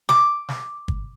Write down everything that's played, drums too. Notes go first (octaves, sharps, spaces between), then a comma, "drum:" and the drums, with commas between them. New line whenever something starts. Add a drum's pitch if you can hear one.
D6, drum: snare
drum: snare
drum: kick G1